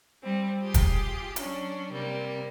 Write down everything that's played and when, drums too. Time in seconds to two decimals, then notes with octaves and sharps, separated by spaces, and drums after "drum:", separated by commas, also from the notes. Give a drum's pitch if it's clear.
0.23 G3 C4
0.60 F4 G4 G#4
0.74 drum: kick, hi-hat
1.36 F#3 C#4 D4, drum: hi-hat
1.91 C3 G3 A#3